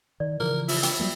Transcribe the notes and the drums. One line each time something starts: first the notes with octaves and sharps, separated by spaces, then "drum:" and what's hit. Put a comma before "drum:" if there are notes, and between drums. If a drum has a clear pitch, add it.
D#3 D5
C#3 E3 F3 A#4
E4 F4, drum: open hi-hat
G5, drum: hi-hat
F#3 G3 A#3